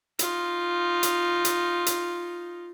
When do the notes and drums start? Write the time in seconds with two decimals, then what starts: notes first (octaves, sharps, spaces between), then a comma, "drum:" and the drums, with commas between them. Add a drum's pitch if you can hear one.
0.19 D#4 F4, drum: hi-hat
1.03 drum: hi-hat
1.45 drum: hi-hat
1.86 drum: hi-hat